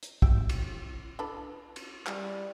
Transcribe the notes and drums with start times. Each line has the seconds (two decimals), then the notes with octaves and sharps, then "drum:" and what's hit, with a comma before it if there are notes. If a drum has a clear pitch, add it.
0.03 drum: hi-hat
0.22 E4 G4 G5, drum: kick
0.49 drum: cymbal
1.19 D4 A4 B4
1.76 drum: cymbal
2.07 E3 G3 G#4, drum: clap